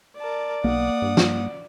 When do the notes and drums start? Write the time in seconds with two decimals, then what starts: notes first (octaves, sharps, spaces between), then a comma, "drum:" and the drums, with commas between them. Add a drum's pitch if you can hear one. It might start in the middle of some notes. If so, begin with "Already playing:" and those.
0.19 A#4 D5 A5
0.64 B1 A#3 F#5 D#6
1.02 G2
1.17 drum: snare